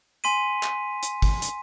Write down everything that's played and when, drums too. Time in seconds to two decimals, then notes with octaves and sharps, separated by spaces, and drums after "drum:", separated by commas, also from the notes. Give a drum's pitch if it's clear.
0.24 G#5 C6 B6 D#7
0.63 drum: clap
1.03 drum: hi-hat
1.22 drum: kick
1.42 drum: hi-hat